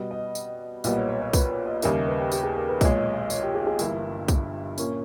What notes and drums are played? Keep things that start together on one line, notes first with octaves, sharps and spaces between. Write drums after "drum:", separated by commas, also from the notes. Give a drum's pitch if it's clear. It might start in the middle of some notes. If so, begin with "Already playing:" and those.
Already playing: B2 G3 B3 D#5
D#5
drum: tambourine
B1 A#2 G3 B3 D#5, drum: tambourine
C#5
C#5
C#5
B4, drum: kick, tambourine
C#5
D#5
D#2 C#3 G3 A#3 E5, drum: tambourine
D#5
B4
G4
G4, drum: tambourine
G#4
A#4
B4
B1 A#2 G#3 C#5, drum: kick, tambourine
C#5
D#5
D#5
C#5, drum: tambourine
G4
G#4
G#4
G1 G2 E3 A#3 E4, drum: tambourine
drum: kick, tambourine
A#2 A#3 C#4, drum: tambourine